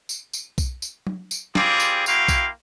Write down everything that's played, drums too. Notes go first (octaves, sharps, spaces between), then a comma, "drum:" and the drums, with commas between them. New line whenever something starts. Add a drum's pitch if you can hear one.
drum: tambourine
drum: tambourine
drum: kick B1, tambourine
drum: tambourine
drum: tom F#3
drum: tambourine
G3 C4 F4 G#4 D6, drum: snare
drum: tambourine
A#3 E4 F#4 F5 G5 C6, drum: tambourine
drum: kick B1, tambourine